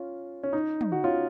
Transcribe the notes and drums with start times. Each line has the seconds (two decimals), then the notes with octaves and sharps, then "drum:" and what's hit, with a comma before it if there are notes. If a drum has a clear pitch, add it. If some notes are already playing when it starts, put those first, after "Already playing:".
Already playing: C#4 F4
0.43 C#4
0.53 D#4
0.81 drum: tom
0.92 F#4
1.04 C#4 F4